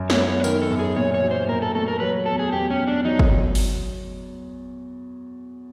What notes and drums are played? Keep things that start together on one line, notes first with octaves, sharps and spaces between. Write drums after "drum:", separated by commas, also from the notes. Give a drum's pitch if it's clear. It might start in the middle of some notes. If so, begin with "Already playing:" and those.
Already playing: F#2
C#5, drum: snare
B3
C#5
B4
D#3 A#4, drum: tambourine
A4
F#2
G#4
A#2 C#5
C#5
F#3
C5
A#2 A#4
A4
A3 A4
A#4
F#3 B4
E2 A4
G#4
E2 G4
C#4
E2
D4
F#3 D#4
drum: kick
drum: open hi-hat